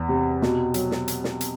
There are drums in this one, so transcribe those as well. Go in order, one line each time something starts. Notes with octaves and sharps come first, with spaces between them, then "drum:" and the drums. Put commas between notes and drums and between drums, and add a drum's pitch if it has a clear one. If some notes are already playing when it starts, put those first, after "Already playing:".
Already playing: E2
C3
B2, drum: snare
F#3, drum: hi-hat
drum: snare
drum: hi-hat
drum: snare
drum: hi-hat